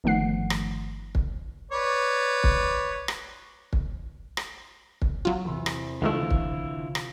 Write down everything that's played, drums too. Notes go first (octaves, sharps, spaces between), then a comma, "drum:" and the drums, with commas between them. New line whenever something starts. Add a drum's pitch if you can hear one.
G1 D#3 F3 A3 F#5 C7
drum: rim click
drum: kick
B4 C#5 D5
drum: kick
drum: rim click
drum: kick
drum: rim click
drum: kick
F#3 F4
E2 C3
drum: rim click
C#2 D3 D#3 A3 E4 F4
drum: kick
drum: rim click